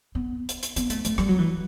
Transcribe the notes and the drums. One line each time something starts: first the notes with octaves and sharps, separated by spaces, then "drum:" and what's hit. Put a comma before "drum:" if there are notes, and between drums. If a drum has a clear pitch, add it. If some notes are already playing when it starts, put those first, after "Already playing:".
B3
drum: hi-hat
drum: hi-hat
B3, drum: hi-hat
A3, drum: hi-hat
A3, drum: hi-hat
G3, drum: rim click
F#3
E3